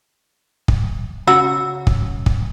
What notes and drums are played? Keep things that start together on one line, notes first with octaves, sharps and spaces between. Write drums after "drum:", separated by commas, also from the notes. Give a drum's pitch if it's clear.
drum: kick
C#3 C#4 F#4 A#5 B5 E6
drum: kick
drum: kick